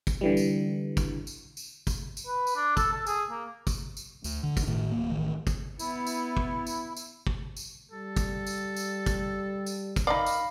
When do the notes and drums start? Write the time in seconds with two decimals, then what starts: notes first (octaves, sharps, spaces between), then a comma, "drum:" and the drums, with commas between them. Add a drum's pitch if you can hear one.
0.07 drum: kick, tambourine
0.21 D3 E3 G3
0.37 drum: tambourine
0.97 drum: kick, tambourine
1.27 drum: tambourine
1.57 drum: tambourine
1.87 drum: kick, tambourine
2.17 drum: tambourine
2.27 B4
2.47 drum: tambourine
2.56 D4
2.77 A4, drum: kick, tambourine
2.93 A4
3.07 G#4, drum: tambourine
3.30 A#3
3.67 drum: kick, tambourine
3.97 drum: tambourine
4.24 D2, drum: tambourine
4.43 D3
4.57 drum: kick, tambourine
4.67 A2 D#3
4.92 D1 A#3
5.10 A1 D#3
5.47 drum: kick, tambourine
5.79 B3 E4, drum: tambourine
6.07 drum: tambourine
6.37 drum: kick
6.67 drum: tambourine
6.97 drum: tambourine
7.27 drum: kick
7.57 drum: tambourine
7.92 G3 A4
8.17 drum: kick, tambourine
8.46 drum: tambourine
8.76 drum: tambourine
9.06 drum: kick, tambourine
9.66 drum: tambourine
9.96 drum: kick, tambourine
10.07 D#4 A#4 D5 F5 B5
10.26 drum: tambourine